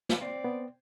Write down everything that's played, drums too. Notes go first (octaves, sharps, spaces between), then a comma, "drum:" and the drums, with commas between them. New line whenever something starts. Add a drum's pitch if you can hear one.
drum: snare
C4 D5
B3